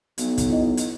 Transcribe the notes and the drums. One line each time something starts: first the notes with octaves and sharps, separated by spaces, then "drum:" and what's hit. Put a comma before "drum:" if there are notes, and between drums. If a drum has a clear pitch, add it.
B1, drum: hi-hat
drum: kick, hi-hat
E4 D#5
drum: hi-hat